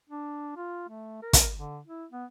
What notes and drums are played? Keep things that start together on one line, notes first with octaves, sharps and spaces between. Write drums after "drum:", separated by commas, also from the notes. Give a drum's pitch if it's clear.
D4
F4
A3
A#4
drum: kick, hi-hat
D3
E4
B3